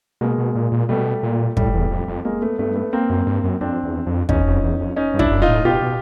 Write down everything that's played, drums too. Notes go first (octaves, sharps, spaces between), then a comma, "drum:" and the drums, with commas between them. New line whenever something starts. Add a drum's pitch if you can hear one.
B2 G#3 A#3
B2
A#2
A#2
B2 G3 A3
A#2
A2 G3 A3, drum: kick
E2
F2
F2
G#3 A#3
A3 B3
G2 A3 B3
A3 B3
A#3 C4
F#2
G2
F#2
F2 C4 D4
E2
F2
E2 C#4 D#4, drum: kick
F2
E2
F2
C#4 D#4
G2
D4 E4, drum: kick
F#2
D#4 F4
A2
B2 F4 G4
B2